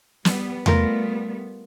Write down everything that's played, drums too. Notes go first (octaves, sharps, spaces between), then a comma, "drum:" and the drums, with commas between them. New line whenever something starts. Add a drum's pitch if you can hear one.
G3 B3, drum: snare
G3 A3 B3 F4 A#4, drum: tom E2